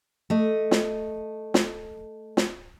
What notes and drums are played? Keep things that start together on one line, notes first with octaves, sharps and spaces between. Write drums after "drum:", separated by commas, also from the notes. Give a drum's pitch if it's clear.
A3 D#5
drum: snare
drum: snare
drum: snare